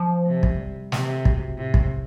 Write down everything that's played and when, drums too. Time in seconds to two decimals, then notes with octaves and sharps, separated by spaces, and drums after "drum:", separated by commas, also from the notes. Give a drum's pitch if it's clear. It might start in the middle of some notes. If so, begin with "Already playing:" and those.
Already playing: F3
0.27 C3
0.43 drum: kick
0.59 G3
0.92 C3 F3, drum: snare
1.03 E3
1.14 D3
1.25 B2, drum: kick
1.58 A2 C3
1.74 drum: kick